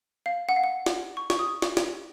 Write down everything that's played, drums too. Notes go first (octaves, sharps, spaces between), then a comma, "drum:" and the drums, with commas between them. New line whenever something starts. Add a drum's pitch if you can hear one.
F5
F#5
F5
F#5
drum: snare
C#6
C#6, drum: snare
D#6
C#6, drum: snare
drum: snare